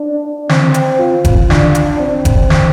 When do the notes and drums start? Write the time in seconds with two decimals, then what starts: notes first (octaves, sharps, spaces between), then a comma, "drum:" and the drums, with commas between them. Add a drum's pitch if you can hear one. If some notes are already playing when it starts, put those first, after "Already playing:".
Already playing: D4
0.49 C4, drum: snare
0.74 drum: hi-hat
1.00 F4
1.25 drum: kick F1, hi-hat
1.50 D4, drum: snare
1.75 drum: hi-hat
2.00 C4
2.25 drum: kick F1, hi-hat
2.50 drum: snare